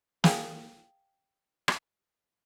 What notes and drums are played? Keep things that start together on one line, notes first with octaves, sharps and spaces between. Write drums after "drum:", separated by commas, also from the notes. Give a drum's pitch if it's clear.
G#4 F5 G5, drum: snare
drum: rim click